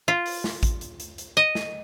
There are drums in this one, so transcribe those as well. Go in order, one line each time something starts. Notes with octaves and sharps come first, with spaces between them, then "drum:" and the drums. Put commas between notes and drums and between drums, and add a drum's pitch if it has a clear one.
F4
drum: open hi-hat
drum: snare
drum: kick A1, hi-hat
drum: hi-hat
drum: hi-hat
drum: hi-hat
D#5
drum: snare